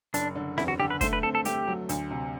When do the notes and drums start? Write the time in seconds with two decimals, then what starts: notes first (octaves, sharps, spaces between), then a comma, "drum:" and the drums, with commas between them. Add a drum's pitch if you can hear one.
0.14 F#1 D4, drum: hi-hat
0.35 D3
0.58 E2 E4, drum: snare C4
0.68 F#4
0.79 D3 G4
0.90 B4
1.01 A3 C5, drum: kick, hi-hat
1.13 B4
1.23 C4 A4
1.35 A4
1.45 A3 G4, drum: hi-hat
1.67 F#3
1.89 D2, drum: hi-hat
2.11 C3